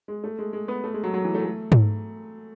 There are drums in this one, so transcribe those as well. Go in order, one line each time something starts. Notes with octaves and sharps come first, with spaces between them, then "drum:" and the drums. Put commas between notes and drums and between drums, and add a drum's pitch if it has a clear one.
G#3
A3
G#3
G#3
B3
A3
G#3
F#3
F#3
E3
A3
A3
drum: tom G#2